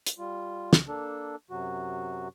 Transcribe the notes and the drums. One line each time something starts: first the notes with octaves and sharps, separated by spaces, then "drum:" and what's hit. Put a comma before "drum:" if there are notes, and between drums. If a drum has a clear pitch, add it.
drum: hi-hat
G3 F4
drum: snare
A#3 D4 A4
F#2 C3 F#3 F#4